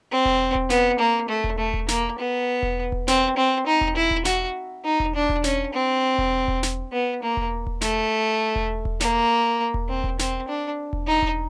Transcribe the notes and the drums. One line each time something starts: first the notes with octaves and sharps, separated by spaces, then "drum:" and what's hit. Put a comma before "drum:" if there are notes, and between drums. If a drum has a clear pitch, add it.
C4
drum: kick E1
drum: kick E1
B3, drum: snare
A#3
A3
drum: kick E1
A3
drum: kick E1
A#3, drum: snare
B3
drum: kick E1
drum: kick E1
C4, drum: snare
C4
D#4
drum: kick E1
E4
drum: kick E1
F#4, drum: snare
D#4
drum: kick E1
D4
drum: kick E1
C#4, drum: snare
C4
drum: kick E1
drum: kick E1
drum: snare
B3
A#3
drum: kick E1
drum: kick E1
A3, drum: snare
drum: kick E1
drum: kick E1
A#3, drum: snare
drum: kick E1
C4
drum: kick E1
C4, drum: snare
D4
drum: kick E1
D#4
drum: kick E1